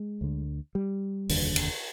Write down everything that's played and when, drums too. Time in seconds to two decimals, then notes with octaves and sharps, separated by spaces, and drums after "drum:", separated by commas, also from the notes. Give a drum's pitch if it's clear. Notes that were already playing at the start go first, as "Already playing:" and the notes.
Already playing: G#3
0.21 D2 D3
0.75 G3
1.29 F1 D#2 D3, drum: open hi-hat
1.56 drum: cymbal